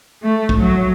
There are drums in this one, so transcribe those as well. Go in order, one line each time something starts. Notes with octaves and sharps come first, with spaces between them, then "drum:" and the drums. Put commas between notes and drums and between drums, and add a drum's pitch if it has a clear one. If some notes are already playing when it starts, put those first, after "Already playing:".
A3
drum: kick
F#3